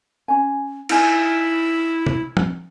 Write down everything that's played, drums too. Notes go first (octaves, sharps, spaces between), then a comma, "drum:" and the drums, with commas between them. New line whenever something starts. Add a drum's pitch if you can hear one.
C#4 G#5
D#4 E4 G#5, drum: cymbal
drum: tom
drum: tom